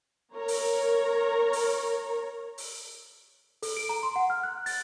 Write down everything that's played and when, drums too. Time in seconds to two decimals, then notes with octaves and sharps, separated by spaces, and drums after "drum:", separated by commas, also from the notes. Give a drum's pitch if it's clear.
0.36 A#4 C#5 A#5
0.48 drum: open hi-hat
1.53 drum: open hi-hat
2.58 drum: open hi-hat
3.63 A4, drum: open hi-hat
3.77 D7
3.89 A#5
4.03 C6
4.16 F#5
4.30 F6
4.43 F#6
4.66 A6, drum: open hi-hat